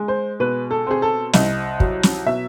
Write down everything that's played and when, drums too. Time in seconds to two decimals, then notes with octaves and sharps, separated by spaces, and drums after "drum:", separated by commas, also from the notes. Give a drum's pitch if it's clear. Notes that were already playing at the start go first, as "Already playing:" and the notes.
Already playing: G#3
0.08 C5
0.40 B2 B4
0.71 A4
0.87 C4 G#4
1.02 A4
1.33 C2 D#5, drum: snare
1.80 F#3, drum: kick
2.03 drum: snare
2.26 B2 E5